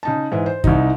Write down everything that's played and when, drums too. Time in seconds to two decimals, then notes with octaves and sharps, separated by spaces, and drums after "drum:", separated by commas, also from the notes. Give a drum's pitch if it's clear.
0.03 C#3 D#4 A5
0.32 G#2 E3
0.46 C5
0.64 C2 D#4, drum: kick